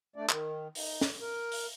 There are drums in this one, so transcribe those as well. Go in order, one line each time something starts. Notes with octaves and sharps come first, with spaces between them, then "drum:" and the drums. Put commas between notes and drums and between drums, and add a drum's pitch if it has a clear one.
A3 D4 D5
D#3, drum: clap
D#4, drum: open hi-hat
drum: snare
A#4
drum: open hi-hat